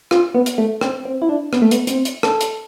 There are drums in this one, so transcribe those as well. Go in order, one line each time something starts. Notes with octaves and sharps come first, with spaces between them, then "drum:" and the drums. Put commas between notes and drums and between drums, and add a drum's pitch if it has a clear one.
F4, drum: rim click
B3
drum: hi-hat
A3
C4, drum: rim click
C4
E4
D4
B3, drum: rim click
A3
B3, drum: hi-hat
C4, drum: hi-hat
drum: hi-hat
A4, drum: rim click
drum: hi-hat